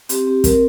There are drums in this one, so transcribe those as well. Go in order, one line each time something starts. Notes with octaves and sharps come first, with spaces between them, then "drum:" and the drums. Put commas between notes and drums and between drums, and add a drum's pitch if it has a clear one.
C4 G4, drum: hi-hat
C4 G4
C4 A#4, drum: kick, hi-hat